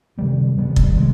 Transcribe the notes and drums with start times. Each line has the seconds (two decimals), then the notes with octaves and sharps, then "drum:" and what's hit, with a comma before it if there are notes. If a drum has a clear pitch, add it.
0.18 C3 D#3 G3 B3
0.56 C3 D#3 G3 B3
0.76 drum: kick
0.96 C3 D#3 G#3